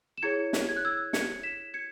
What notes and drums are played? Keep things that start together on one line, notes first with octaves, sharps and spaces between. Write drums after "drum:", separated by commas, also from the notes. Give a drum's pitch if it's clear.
E7
E4 G#4 C#5 G#6 C#7
drum: snare
G#6
F#6
E6 G#6
G#6 C#7, drum: snare
B6 E7
G#6 C#7